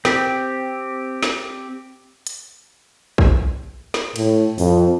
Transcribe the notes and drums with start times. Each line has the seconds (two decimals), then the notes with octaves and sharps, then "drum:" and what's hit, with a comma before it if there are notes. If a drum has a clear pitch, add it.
0.05 C4 G4, drum: snare
1.23 drum: snare
2.27 drum: hi-hat
3.18 drum: kick
3.94 drum: snare
4.16 A2, drum: cymbal
4.58 F2, drum: open hi-hat